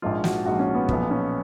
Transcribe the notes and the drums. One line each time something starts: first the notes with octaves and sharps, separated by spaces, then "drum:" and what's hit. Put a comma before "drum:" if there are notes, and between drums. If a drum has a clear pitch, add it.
A#1 G#2 F3 F4
F#4, drum: snare
A#1 G#2 F3 F#4
C#4
B3
B1 A#2 F3 B3, drum: kick
C#4